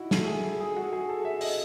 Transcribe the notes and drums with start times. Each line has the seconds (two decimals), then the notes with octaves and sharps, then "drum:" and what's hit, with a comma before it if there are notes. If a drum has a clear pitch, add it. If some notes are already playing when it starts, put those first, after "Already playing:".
Already playing: D#4 E4 F#4
0.11 A4, drum: snare
0.27 G#4
0.60 G#4
0.76 F#4
0.93 G#4
1.09 A4
1.25 E5
1.41 D#5, drum: open hi-hat